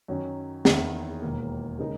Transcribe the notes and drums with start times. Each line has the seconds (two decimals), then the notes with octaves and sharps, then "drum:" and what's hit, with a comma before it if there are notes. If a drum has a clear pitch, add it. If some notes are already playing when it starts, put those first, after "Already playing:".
0.08 F#2 D#3 F#3 C#4
0.65 E2 D#3 A#3 E4 G#4, drum: snare
1.22 E1 D#2 D#3 A#3
1.79 C#3 G#3 D#4 A#4